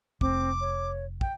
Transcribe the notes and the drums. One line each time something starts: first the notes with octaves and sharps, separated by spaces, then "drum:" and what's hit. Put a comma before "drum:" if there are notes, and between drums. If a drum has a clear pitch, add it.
F1 C4 D6, drum: kick
C#5
G5, drum: kick